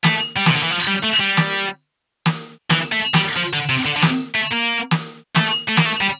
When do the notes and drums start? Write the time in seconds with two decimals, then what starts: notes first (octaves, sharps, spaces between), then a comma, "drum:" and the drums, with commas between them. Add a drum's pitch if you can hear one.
0.04 A3, drum: snare
0.37 G3
0.46 C3, drum: snare
0.54 D3
0.63 E3
0.71 F3
0.88 G3
1.04 A3
1.20 G3
1.37 drum: snare
2.26 drum: snare
2.70 E3, drum: snare
2.92 A3
3.14 G3, drum: snare
3.36 F3
3.53 D3
3.69 C3
3.86 D3
3.96 D3
4.02 C3, drum: snare
4.35 A3
4.52 A#3
4.91 drum: snare
5.36 A3, drum: snare
5.69 A3
5.77 A#3, drum: snare
5.86 A3
6.02 G3